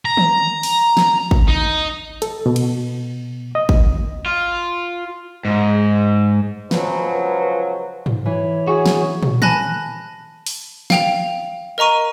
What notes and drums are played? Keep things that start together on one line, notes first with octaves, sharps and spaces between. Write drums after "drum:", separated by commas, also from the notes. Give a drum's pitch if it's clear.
A#5
drum: tom D#3
drum: open hi-hat
drum: snare
drum: kick
D#4
A4, drum: hi-hat
B2
drum: cymbal
D#5
drum: kick
F4
G#2
C#2 F3 F#3 C#4 B4, drum: snare
drum: tom G#2
E3 C#5
F#4 G#4
drum: snare
drum: tom
G#5 A5 B5 F#6 A#6, drum: tom D#3
drum: open hi-hat
F5 G5 F7, drum: snare
A#4 D#5 A#5 C#6 D#7